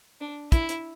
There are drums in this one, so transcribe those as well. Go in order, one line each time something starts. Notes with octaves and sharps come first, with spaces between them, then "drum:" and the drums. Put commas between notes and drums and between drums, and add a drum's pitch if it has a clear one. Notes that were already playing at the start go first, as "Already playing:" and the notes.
D4
E4, drum: kick, hi-hat
drum: hi-hat